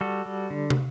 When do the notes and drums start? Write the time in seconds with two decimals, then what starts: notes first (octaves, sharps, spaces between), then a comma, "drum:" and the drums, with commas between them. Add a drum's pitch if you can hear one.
0.01 G3 F#4 A4
0.26 G3
0.50 D3
0.70 drum: tom